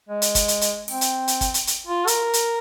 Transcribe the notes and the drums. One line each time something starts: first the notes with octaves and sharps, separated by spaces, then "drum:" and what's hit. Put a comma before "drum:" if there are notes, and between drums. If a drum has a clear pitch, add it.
G#3
drum: hi-hat
drum: kick, hi-hat
drum: hi-hat
drum: hi-hat
C4, drum: open hi-hat
drum: hi-hat
drum: hi-hat
drum: kick, hi-hat
drum: hi-hat
drum: hi-hat
F4
A#4, drum: hi-hat
drum: hi-hat